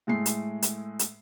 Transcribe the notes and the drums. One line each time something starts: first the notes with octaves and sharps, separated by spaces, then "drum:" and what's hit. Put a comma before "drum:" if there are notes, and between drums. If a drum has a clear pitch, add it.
A2 G#3 A3 C7
drum: hi-hat
drum: hi-hat
drum: hi-hat